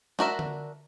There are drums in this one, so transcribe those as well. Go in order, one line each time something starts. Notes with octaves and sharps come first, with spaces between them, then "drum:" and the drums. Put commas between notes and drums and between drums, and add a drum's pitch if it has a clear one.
D4 F#4 A#4 E5, drum: snare
drum: tom D3